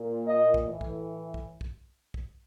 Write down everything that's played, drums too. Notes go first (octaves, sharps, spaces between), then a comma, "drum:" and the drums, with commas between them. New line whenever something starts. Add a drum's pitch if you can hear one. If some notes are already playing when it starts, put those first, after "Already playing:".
Already playing: A#2
D#5
drum: kick
A2 E3
drum: kick
drum: kick
drum: kick
drum: kick